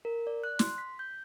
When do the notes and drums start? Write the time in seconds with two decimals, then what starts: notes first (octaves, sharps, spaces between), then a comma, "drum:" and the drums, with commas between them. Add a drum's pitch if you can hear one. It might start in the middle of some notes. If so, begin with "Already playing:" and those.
0.05 A#4
0.27 D5
0.44 F#6
0.59 C6, drum: snare
0.78 B6
0.99 G6